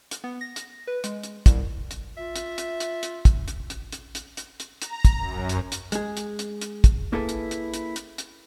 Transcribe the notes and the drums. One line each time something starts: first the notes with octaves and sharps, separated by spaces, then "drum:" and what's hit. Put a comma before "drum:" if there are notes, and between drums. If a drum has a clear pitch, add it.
drum: hi-hat
B3
A#6
drum: hi-hat
B4
G#3, drum: hi-hat
drum: hi-hat
C2, drum: kick, hi-hat
drum: hi-hat
F4 E5
drum: hi-hat
drum: hi-hat
drum: hi-hat
drum: hi-hat
drum: kick, hi-hat
drum: hi-hat
drum: hi-hat
drum: hi-hat
drum: hi-hat
drum: hi-hat
drum: hi-hat
A#5, drum: hi-hat
drum: kick, hi-hat
F#2
drum: hi-hat
drum: hi-hat
G#3 G#4, drum: hi-hat
drum: hi-hat
drum: hi-hat
drum: hi-hat
drum: kick, hi-hat
A#3 E4 G#4 A4 B4
drum: hi-hat
drum: hi-hat
drum: hi-hat
drum: hi-hat
drum: hi-hat